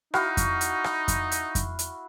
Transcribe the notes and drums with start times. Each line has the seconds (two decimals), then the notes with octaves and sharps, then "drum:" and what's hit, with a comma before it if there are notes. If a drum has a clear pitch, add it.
0.14 D#4 E4 F#4 F5, drum: rim click
0.37 drum: kick F2, hi-hat
0.61 drum: hi-hat
0.84 drum: rim click
1.08 drum: kick F2, hi-hat
1.31 drum: hi-hat
1.55 drum: kick F2, hi-hat
1.79 drum: hi-hat